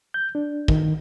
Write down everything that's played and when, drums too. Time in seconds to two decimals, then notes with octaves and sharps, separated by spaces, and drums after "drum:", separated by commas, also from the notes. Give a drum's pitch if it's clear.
0.14 G6
0.35 D4
0.68 D#3, drum: kick